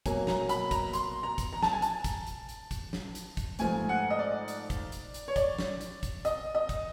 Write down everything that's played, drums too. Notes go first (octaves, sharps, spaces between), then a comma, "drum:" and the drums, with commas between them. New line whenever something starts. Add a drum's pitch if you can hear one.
B2 F#3 A#3 G#5, drum: kick, hi-hat
A#5, drum: snare
B5, drum: hi-hat
A#5, drum: kick, hi-hat
C6, drum: hi-hat
A#5
drum: kick, hi-hat
A#5
A5, drum: snare
G#5
A5, drum: hi-hat
drum: kick, hi-hat
drum: hi-hat
drum: hi-hat
drum: kick, hi-hat
drum: snare
drum: hi-hat
drum: kick, hi-hat
G#2 F3 A3 G#5, drum: hi-hat
F#5
D#5
D5
drum: hi-hat
drum: kick, hi-hat
drum: hi-hat
drum: hi-hat
C#5
D5, drum: kick, hi-hat
drum: snare
drum: hi-hat
drum: kick, hi-hat
D#5, drum: hi-hat
D#5
drum: kick, hi-hat